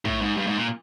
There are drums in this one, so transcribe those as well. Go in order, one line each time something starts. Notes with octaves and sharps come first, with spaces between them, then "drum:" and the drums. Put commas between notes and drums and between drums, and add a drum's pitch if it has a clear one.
A2, drum: kick
G#2
G2
G#2
A#2